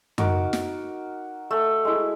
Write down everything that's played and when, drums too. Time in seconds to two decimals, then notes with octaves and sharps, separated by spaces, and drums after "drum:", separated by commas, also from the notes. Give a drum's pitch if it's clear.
0.18 D#4 F#4 A#4 D6, drum: tom F#2
0.53 drum: snare
1.51 A3
1.85 G#3 E4